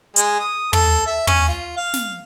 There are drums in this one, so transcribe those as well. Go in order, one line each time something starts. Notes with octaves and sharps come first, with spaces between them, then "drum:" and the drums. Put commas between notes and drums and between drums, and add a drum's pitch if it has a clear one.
G#3, drum: hi-hat
D#6
A4, drum: tom
E5
C#4, drum: tom
F4
F5
drum: snare